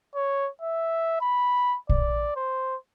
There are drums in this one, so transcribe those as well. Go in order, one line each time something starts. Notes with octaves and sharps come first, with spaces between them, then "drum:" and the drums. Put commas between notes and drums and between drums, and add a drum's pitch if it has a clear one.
C#5
E5
B5
D5, drum: kick A#1
C5